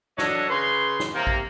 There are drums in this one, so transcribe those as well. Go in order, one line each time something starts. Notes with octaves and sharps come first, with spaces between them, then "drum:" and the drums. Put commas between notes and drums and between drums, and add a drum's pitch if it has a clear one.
F#3 D4 A4 C#5 D#5, drum: snare
C#3 B4 C6
drum: snare
C3 A#3
drum: kick